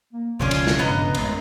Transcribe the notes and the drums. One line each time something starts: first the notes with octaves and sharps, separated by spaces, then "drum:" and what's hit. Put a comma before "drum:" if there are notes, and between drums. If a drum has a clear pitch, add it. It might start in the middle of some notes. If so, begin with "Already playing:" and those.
A#3
E1 C#2 C#3 F3 C#4 D4 F4
drum: cymbal
drum: snare
G2 B3 D#5 A#5
A1 G#3, drum: cymbal
F#2